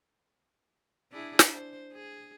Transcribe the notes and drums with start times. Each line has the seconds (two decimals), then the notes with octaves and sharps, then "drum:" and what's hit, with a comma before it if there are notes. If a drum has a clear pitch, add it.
1.12 D4 E4 G#4
1.39 drum: snare
1.54 C5
1.92 G#4